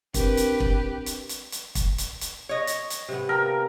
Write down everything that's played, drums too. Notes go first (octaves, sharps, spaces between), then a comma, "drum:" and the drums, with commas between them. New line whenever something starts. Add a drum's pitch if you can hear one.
C4 D4 G4 A#4 B4, drum: kick, hi-hat
drum: hi-hat
drum: kick
drum: hi-hat
drum: hi-hat
drum: hi-hat
drum: kick, hi-hat
drum: hi-hat
drum: hi-hat
C#5 D#5
drum: hi-hat
drum: hi-hat
C3 B3
A#4 G5